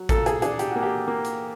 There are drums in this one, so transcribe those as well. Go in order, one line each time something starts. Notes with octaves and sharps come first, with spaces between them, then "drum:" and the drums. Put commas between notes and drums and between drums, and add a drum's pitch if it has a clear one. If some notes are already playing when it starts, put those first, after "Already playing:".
Already playing: F#3
A#2 A4, drum: kick A1, hi-hat
G#4, drum: hi-hat
D4 G#4, drum: hi-hat
G4, drum: hi-hat
A#3 F#4
G4
A#3
drum: hi-hat